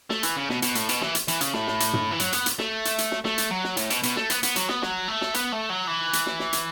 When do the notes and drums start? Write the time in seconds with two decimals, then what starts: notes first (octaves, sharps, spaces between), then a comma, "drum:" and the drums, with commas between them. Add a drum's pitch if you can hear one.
0.10 A3, drum: snare
0.23 E3, drum: hi-hat
0.37 C#3
0.50 B2, drum: snare
0.62 B2, drum: hi-hat
0.75 A2, drum: hi-hat
0.89 B2, drum: hi-hat
1.02 E3, drum: snare
1.15 drum: hi-hat
1.28 E3, drum: hi-hat
1.41 C#3, drum: hi-hat
1.54 A2, drum: snare
1.67 drum: snare
1.80 drum: hi-hat
1.93 drum: tom
2.11 E3
2.20 F#3, drum: hi-hat
2.33 B3, drum: hi-hat
2.46 drum: hi-hat
2.59 A3, drum: snare
2.85 drum: hi-hat
2.98 drum: hi-hat
3.12 drum: snare
3.25 A3, drum: snare
3.38 drum: hi-hat
3.51 F#3
3.64 drum: snare
3.77 A2, drum: hi-hat
3.90 B2, drum: hi-hat
4.03 B2, drum: hi-hat
4.16 A3, drum: snare
4.30 B3, drum: hi-hat
4.43 B3, drum: hi-hat
4.56 F#3, drum: hi-hat
4.69 B3, drum: snare
4.82 F#3, drum: snare
5.08 A3
5.21 drum: snare
5.34 B3, drum: hi-hat
5.52 A3
5.69 F#3
5.87 E3
6.13 drum: hi-hat
6.26 drum: snare
6.40 drum: snare
6.53 drum: hi-hat